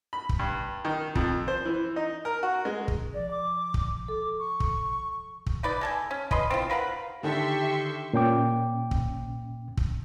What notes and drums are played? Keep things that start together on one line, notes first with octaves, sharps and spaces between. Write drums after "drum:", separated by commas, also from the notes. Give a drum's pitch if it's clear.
B5
drum: kick
G2
D#3
F2, drum: kick
C5
E3
D#4
A#4
F#4
G#3
drum: kick
F3 D5
D6
drum: kick
A4 D6
C#6
drum: kick
drum: kick
D#4 B4 D5
G#3 A4 G#5
C#4
C#4 B4 D#5 C6, drum: kick
C4 E4 F4
A#4 B4 F5 F#5
D3 D#3 G4 A4 E5 C6 C#6
A#2 C#4 G5 D6
drum: kick
drum: kick